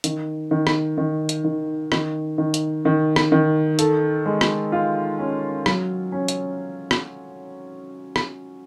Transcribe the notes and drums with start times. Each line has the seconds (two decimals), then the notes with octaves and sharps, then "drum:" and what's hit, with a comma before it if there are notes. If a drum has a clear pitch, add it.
0.04 D#3, drum: hi-hat
0.51 D#3
0.67 drum: rim click
0.98 D#3
1.29 drum: hi-hat
1.44 D#3
1.92 D#3, drum: rim click
2.38 D#3
2.54 drum: hi-hat
2.85 D#3
3.16 drum: rim click
3.32 D#3
3.79 A4, drum: hi-hat
4.26 G#3
4.41 drum: rim click
4.72 F4
5.19 C#4
5.66 F#3, drum: rim click
6.12 C#4
6.28 drum: hi-hat
6.91 drum: rim click
8.16 drum: rim click